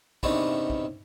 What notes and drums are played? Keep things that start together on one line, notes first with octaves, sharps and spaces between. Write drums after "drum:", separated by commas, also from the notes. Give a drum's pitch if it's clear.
E2 C3 D#3 B3 C#4 D4, drum: kick
drum: kick